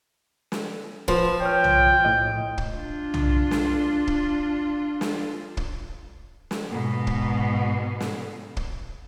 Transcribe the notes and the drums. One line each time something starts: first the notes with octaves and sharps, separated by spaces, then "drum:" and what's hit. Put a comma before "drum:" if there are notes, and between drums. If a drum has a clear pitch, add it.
drum: snare
F3 B4 C5, drum: kick
C#5 G5 F6
drum: tom
A2 D#5
drum: kick
D4 F4
drum: tom
drum: snare
drum: kick
drum: snare
drum: kick
drum: snare
G#2 B2
drum: kick
drum: snare
drum: kick